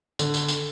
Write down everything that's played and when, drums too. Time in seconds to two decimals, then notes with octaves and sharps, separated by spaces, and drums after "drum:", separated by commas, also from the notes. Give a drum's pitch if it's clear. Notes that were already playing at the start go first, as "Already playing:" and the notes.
0.19 D3, drum: tambourine
0.34 drum: tambourine
0.48 drum: tambourine